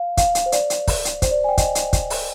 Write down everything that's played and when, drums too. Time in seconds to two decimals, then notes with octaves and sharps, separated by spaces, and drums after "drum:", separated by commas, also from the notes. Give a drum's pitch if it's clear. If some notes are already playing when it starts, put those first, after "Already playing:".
Already playing: F5
0.17 F5, drum: kick, hi-hat
0.35 drum: hi-hat
0.46 C5
0.52 D5, drum: hi-hat
0.70 drum: hi-hat
0.87 drum: kick, open hi-hat
1.05 drum: hi-hat
1.22 C5, drum: kick, hi-hat
1.31 D5
1.44 G#5
1.49 G5
1.58 D#5, drum: kick, hi-hat
1.75 drum: hi-hat
1.93 drum: kick, hi-hat
2.10 drum: open hi-hat